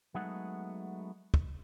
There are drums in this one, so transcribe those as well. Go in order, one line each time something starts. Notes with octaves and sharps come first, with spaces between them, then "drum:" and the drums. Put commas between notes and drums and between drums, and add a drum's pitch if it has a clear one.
F#3 G#3 A3 B3 D#4 F#5
drum: kick